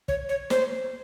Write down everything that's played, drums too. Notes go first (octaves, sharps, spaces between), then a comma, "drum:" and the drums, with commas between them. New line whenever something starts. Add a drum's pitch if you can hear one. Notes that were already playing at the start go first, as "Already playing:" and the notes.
C#5, drum: kick
C#5
C5, drum: snare